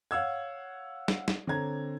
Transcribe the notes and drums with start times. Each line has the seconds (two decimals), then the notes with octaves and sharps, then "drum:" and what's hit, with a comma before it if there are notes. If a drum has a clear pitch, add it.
0.11 C#5 F5 F#5 E6 G#6
1.08 drum: snare
1.28 drum: snare
1.47 D3 C4 C#5 A#5 G#6